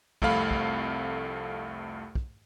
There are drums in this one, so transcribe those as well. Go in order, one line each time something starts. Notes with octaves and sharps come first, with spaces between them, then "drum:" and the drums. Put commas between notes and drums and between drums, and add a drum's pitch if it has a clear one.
C2 F2 A3 F5 B5, drum: kick
drum: kick
drum: kick